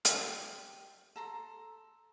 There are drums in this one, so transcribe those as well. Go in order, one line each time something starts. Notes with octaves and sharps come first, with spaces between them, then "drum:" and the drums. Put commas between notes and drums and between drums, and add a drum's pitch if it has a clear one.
G4, drum: hi-hat
A4 A#5 C6